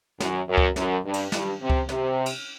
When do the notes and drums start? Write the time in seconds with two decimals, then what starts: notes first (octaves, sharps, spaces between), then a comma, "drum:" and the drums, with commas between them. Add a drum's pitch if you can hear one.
0.20 F#2, drum: snare
0.48 F#2
0.58 drum: kick C#2
0.76 F#2, drum: snare
1.04 G2
1.14 drum: cymbal
1.32 G2, drum: snare
1.60 C3
1.70 drum: kick C#2
1.89 C3, drum: snare
2.26 drum: cymbal